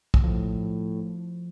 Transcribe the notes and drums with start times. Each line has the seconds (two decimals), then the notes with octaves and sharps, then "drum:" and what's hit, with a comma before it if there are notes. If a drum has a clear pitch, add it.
0.14 drum: kick
0.23 A2 F3